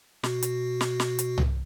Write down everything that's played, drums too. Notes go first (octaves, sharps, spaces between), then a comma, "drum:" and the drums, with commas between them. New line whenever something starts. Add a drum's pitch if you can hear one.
B2 F#4, drum: snare
drum: hi-hat
drum: snare
drum: snare
drum: hi-hat
drum: tom C2